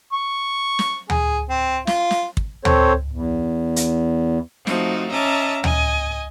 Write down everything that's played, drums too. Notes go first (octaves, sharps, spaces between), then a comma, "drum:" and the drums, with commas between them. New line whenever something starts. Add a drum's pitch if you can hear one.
C#6
drum: snare
G#4, drum: tom D2
C4
F4, drum: snare
drum: snare
drum: kick
C4 A4 C5 C#5, drum: tom D2
E2
drum: hi-hat
F3 A3 C4 D#4 F#4, drum: snare
C#4 D#5 E5 A5 A#5 D6
D#5 G#5, drum: tom D2